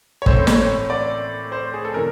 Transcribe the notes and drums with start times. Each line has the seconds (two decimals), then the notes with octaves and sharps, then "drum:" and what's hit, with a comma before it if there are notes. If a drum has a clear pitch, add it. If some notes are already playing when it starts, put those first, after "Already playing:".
0.22 C#5
0.26 A2 E3 A3 C4 C5, drum: kick
0.47 C#5, drum: snare
0.90 D5
1.52 C5
1.74 G#4
1.85 A4
1.94 C3 E3 A#4